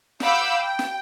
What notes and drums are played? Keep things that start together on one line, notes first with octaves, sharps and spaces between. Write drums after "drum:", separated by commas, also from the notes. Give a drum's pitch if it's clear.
F5 F#5 B5 D6 E6 G6, drum: snare
G5
drum: snare